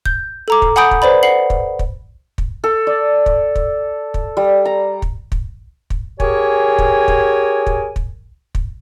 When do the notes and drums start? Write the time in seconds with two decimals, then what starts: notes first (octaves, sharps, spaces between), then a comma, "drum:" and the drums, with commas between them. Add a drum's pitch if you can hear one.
0.06 G6, drum: kick
0.48 A4 A#5 D6
0.62 drum: kick
0.76 F#5 G#5 B5 D#6 G6 D7
0.91 drum: kick
1.02 B4 C5 D5 B5
1.23 F#5 C7 F#7
1.50 drum: kick
1.79 drum: kick
2.38 drum: kick
2.64 A4
2.87 D5
3.26 drum: kick
3.56 drum: kick
4.14 drum: kick
4.37 G3
4.65 A#5
5.02 drum: kick
5.32 drum: kick
5.90 drum: kick
6.20 G4 G#4 A#4 C#5 G#5, drum: kick
6.78 drum: kick
7.08 drum: kick
7.67 drum: kick
7.96 drum: kick
8.55 drum: kick